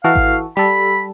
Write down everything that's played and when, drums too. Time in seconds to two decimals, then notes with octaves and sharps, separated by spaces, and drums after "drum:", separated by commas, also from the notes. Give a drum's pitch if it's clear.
0.04 E3 F#4 A4 F5
0.16 drum: kick G#1
0.57 G3 A4 B5